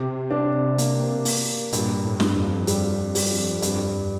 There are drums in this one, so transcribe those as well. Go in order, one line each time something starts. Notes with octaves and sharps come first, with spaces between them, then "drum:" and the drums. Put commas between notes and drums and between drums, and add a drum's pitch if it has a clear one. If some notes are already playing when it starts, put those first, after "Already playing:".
Already playing: C3 G4
D4
A#3, drum: hi-hat
A#3, drum: open hi-hat
G2 A#2, drum: hi-hat
A2
G2, drum: snare
F2
G3, drum: hi-hat
G3, drum: open hi-hat
G2, drum: hi-hat